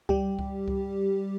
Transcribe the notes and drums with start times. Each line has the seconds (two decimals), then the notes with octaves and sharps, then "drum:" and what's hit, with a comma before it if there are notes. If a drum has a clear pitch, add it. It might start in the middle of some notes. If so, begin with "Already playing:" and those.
0.09 G3 G4, drum: kick C#2
0.39 drum: kick C#2
0.68 drum: kick C#2